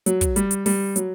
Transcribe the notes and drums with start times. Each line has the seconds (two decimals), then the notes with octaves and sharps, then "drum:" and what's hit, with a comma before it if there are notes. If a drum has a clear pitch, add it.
0.06 F#3, drum: hi-hat
0.21 drum: kick, hi-hat
0.36 G3, drum: hi-hat
0.51 drum: hi-hat
0.66 G3, drum: open hi-hat
0.96 F#3, drum: hi-hat